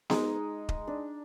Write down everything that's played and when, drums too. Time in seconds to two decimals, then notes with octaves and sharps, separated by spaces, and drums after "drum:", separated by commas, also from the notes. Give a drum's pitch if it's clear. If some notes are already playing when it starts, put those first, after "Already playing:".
0.10 G#3 D#4, drum: snare B3
0.69 drum: kick D#1
0.87 D4